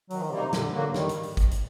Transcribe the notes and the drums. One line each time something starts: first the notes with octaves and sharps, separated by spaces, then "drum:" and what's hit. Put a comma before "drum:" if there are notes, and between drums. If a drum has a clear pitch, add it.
D#3 F#3, drum: open hi-hat
D#3
C3 G3 A#3 D#4
C3
A#2 D3, drum: snare
D3 F#3 A#3 F#4
D#3 G3, drum: snare
drum: hi-hat
drum: open hi-hat
drum: kick, hi-hat
drum: hi-hat